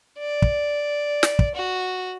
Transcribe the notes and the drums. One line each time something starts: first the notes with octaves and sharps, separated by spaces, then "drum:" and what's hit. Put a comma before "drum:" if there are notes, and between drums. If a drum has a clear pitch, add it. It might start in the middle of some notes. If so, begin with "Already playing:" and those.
D5
drum: kick
drum: snare
drum: kick
F#4